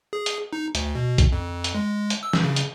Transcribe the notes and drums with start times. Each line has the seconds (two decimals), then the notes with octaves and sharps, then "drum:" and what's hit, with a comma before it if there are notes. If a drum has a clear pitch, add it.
0.13 G#4
0.26 drum: hi-hat
0.53 D#4
0.75 D2, drum: hi-hat
0.95 B2
1.18 drum: kick, hi-hat
1.32 F2
1.64 drum: hi-hat
1.75 G#3
2.10 drum: hi-hat
2.23 E6
2.33 drum: snare
2.43 C#3
2.56 drum: hi-hat